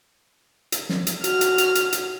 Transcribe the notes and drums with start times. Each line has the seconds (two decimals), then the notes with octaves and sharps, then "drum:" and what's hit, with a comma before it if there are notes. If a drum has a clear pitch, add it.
0.72 drum: hi-hat
0.89 drum: snare
1.07 drum: hi-hat
1.24 F#4 F6, drum: hi-hat
1.41 drum: hi-hat
1.58 drum: hi-hat
1.75 drum: hi-hat
1.92 drum: hi-hat